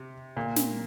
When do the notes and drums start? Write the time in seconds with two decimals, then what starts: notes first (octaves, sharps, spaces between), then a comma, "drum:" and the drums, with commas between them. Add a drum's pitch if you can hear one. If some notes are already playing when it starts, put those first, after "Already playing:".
Already playing: C3
0.37 A#2
0.56 drum: snare